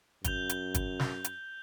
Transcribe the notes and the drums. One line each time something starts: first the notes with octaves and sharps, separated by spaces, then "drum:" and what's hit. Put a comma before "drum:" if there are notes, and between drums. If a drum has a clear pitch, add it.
F#2 G6 F7 G7, drum: kick, hi-hat
drum: hi-hat
drum: kick, hi-hat
drum: snare
drum: hi-hat